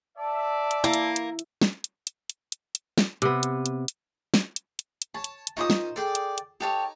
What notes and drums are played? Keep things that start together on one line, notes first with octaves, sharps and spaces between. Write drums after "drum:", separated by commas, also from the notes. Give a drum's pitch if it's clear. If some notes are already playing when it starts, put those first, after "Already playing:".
D5 E5 A5
drum: hi-hat
A#3 E4
drum: hi-hat
drum: hi-hat
drum: hi-hat
drum: snare
drum: hi-hat
drum: hi-hat
drum: hi-hat
drum: hi-hat
drum: hi-hat
drum: snare
C3 B3, drum: hi-hat
drum: hi-hat
drum: hi-hat
drum: hi-hat
drum: snare
drum: hi-hat
drum: hi-hat
drum: hi-hat
C#5 A5
drum: hi-hat
drum: hi-hat
A#2 C#4 D#4 C5 C#5 D#6
drum: snare
G#4 A4 D5 G5
drum: hi-hat
drum: hi-hat
D#4 G4 A4 C#5